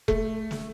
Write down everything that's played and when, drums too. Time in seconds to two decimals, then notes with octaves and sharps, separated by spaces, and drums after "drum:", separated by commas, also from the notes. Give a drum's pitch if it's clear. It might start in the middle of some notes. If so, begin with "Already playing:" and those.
0.08 A3, drum: kick E1
0.51 drum: snare